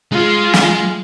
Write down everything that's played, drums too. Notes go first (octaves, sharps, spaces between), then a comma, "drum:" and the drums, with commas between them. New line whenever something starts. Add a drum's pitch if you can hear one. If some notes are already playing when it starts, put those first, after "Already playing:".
G#3 F4
drum: snare